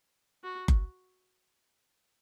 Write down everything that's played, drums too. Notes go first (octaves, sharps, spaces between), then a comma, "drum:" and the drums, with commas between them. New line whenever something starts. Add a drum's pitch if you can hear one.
F#4
drum: kick F#1